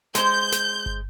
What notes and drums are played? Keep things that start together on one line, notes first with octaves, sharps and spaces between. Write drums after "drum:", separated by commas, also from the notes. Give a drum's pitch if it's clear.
G#3 C5 G6, drum: snare
drum: snare
drum: kick G1